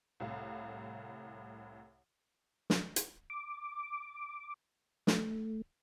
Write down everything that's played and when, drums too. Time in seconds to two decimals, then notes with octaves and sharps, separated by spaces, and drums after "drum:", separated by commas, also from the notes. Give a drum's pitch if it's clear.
0.20 C2 A2 F5
2.70 drum: snare
2.96 drum: hi-hat
3.30 D6
5.07 A3, drum: snare